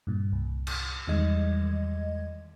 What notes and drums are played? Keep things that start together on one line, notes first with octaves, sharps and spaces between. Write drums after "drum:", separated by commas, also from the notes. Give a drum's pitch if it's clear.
G2 A#2
C2
drum: cymbal
E2 D#3 G3 G#3 D#5 G#6